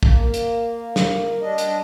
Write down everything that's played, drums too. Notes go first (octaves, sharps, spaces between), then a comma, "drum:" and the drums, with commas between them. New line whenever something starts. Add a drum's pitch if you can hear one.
A#3, drum: kick
drum: hi-hat
drum: snare
G3 D4 D#5
drum: hi-hat